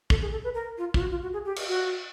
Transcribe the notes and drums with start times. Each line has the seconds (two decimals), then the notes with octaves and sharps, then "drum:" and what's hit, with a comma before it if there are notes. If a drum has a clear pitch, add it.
0.10 A4, drum: kick
0.21 G#4
0.32 A4
0.44 B4
0.54 A#4
0.78 F4
0.94 F4, drum: kick
1.01 F#4
1.11 F4
1.22 F#4
1.33 G#4
1.45 G4
1.56 drum: cymbal
1.68 F#4